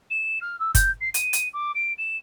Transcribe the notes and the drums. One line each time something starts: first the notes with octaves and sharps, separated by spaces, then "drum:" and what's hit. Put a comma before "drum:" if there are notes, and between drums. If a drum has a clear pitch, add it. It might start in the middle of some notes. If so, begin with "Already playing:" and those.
E7
F6
E6
G6, drum: kick F#1, hi-hat
C7
D#7, drum: hi-hat
drum: hi-hat
D6
D7
E7